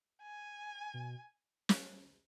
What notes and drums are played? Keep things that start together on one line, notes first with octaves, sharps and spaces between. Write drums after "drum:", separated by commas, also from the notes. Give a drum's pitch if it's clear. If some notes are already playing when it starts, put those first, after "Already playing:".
G#5
B2
drum: snare